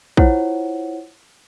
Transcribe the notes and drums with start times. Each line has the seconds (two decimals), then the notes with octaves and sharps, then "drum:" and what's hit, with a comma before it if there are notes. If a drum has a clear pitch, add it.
0.17 E4 F4 C5 C#5 F#5, drum: kick